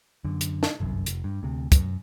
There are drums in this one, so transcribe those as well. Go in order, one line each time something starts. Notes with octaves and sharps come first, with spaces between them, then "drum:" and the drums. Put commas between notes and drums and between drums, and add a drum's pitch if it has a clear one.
F#2 D3
drum: hi-hat
drum: snare
G1 C2 F#2
F1, drum: hi-hat
G2
D2 C3
F#2, drum: kick, hi-hat